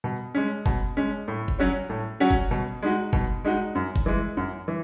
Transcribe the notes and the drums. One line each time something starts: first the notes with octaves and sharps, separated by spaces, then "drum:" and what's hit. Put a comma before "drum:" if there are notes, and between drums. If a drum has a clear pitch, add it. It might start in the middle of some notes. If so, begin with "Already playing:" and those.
B2
G#3 C#4
B2, drum: kick F#1
G#3 C#4
A2
drum: kick F#1
F#3 C#4 F#4 C#5
A2
F#3 C#4 F#4 C#5
drum: kick F#1
B2
G#3 D#4 F#4
B2, drum: kick F#1
G#3 D#4 F#4
F#2
drum: kick F#1
E3 G#3
F#2
E3